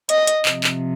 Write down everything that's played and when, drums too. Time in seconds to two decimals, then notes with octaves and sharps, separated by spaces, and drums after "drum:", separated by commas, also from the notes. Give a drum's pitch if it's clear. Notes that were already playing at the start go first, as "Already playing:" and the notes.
0.09 D#5, drum: hi-hat
0.27 drum: hi-hat
0.45 C3 F3, drum: clap
0.64 drum: clap